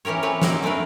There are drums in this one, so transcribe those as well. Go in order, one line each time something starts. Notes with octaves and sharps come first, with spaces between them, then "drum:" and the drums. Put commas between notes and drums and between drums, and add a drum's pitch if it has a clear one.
E3 C#4 G4 A#4 C#5
C4 F4 B4 C#5
F#3 C4 C#4 D#4 C5 D5, drum: snare
A3 C4 D4 A#4 B4